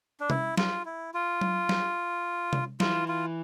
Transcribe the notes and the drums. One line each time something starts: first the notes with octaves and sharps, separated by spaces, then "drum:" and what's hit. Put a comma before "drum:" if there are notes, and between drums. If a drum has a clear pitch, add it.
D4
E4, drum: tom C3
F4, drum: snare
E4
F4
drum: tom F#3
drum: snare
drum: tom C3
E3 F4, drum: snare
F4